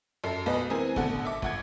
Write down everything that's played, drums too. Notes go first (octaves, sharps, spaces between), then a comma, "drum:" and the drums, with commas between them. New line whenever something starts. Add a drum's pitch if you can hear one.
F#2 A4 C7
B1 B4 D#5
E3 C4 A#4 G#5
A1 B2 D3 A4 F#5, drum: kick
E5 D6
G1 F#5 G#6, drum: kick